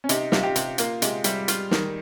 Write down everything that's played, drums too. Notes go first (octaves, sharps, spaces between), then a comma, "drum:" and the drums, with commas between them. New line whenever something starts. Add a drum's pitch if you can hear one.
C#4
C3 D#4, drum: hi-hat
C3 F4, drum: snare
G4
C3, drum: hi-hat
A#3 F4, drum: hi-hat
C3 G#3, drum: hi-hat
C3 G3, drum: hi-hat
F4, drum: hi-hat
D#3, drum: snare